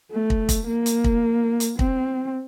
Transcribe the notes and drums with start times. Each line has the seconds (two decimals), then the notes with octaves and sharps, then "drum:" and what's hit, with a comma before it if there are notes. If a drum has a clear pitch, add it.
0.12 A3
0.30 drum: kick
0.49 drum: kick, hi-hat
0.67 A#3
0.86 drum: hi-hat
1.04 drum: kick
1.60 drum: hi-hat
1.79 C4, drum: kick